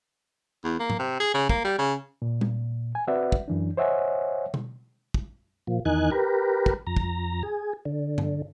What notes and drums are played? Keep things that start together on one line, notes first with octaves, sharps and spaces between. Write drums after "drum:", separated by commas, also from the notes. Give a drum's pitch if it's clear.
E2
A#3
drum: tom G#2
C3
G#4
C#3
A#3, drum: kick
G3
C#3
A#2
drum: tom G3
G#5
C4 F#4 B4 D5 E5 F#5
drum: kick
F#2 E3 D4
C5 C#5 D#5 E5 F#5 G#5
drum: tom B2
drum: kick
A#2 F3
E2 D#3 D#4 G#5 F#6
G4 A#4 B4
drum: kick
F2 A#5
drum: kick
G#4
D3
drum: tom G2